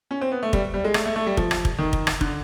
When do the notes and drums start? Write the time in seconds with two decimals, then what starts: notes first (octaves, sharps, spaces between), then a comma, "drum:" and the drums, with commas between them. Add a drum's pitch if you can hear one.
0.11 C#4
0.21 C4
0.32 B3
0.43 A3
0.53 G3, drum: kick
0.74 G3
0.84 G#3
0.94 A3, drum: rim click
1.05 A3
1.16 A3
1.26 G3
1.37 F3, drum: kick
1.51 drum: rim click
1.65 drum: kick
1.79 D#3
1.93 drum: kick
2.07 drum: rim click
2.21 D3, drum: kick